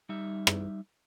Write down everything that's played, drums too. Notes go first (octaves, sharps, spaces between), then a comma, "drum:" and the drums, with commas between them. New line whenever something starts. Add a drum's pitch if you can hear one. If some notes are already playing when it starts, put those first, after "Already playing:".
G3 D#4 E5
drum: rim click